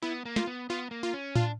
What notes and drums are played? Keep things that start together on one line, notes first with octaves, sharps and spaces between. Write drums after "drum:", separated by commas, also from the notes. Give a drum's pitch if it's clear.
B3 E4
A#3
F4, drum: snare
B3
B3 F4
A#3
F4
C#4
D4 F4, drum: tom A2